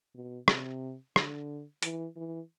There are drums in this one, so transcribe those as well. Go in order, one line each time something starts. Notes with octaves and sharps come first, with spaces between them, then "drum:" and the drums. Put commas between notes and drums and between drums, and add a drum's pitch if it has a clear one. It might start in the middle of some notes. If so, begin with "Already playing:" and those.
B2
C3, drum: rim click
D3, drum: rim click
E3, drum: hi-hat
E3